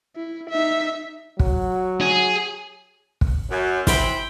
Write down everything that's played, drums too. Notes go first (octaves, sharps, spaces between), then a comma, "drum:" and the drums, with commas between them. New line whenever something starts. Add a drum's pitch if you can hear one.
E4
D#4 E5
F#3, drum: kick
G#4
drum: kick
F#2
E3 E4 C5 G5 B5, drum: snare